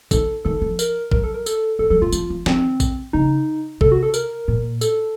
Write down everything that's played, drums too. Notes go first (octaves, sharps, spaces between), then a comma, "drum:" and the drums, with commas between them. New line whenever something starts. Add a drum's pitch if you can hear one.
D#3 A4, drum: kick, tambourine
D#3 A4
F3
A#4, drum: tambourine
F#3 A#4, drum: kick
A4
A#4
A4, drum: tambourine
F3 A4
F#3 A4
F3 F4
F3, drum: tambourine
F3
D#3 C4, drum: snare
drum: kick, tambourine
C#3 D#4
C3 A4, drum: kick
F#4
A4
A#4, drum: tambourine
A#2
A4, drum: tambourine